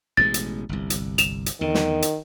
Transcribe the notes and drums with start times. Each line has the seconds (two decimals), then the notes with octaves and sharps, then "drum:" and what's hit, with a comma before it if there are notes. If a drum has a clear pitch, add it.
0.17 A1 B2 G#3 A6
0.34 drum: hi-hat
0.69 G1 C2
0.90 drum: hi-hat
1.18 E7 F7, drum: hi-hat
1.46 drum: hi-hat
1.61 E2 D3 D#3
1.74 drum: snare
2.02 drum: hi-hat